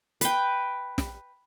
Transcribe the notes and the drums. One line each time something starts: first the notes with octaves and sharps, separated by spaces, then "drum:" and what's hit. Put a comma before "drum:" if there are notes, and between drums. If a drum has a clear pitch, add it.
B4 G5, drum: hi-hat
drum: snare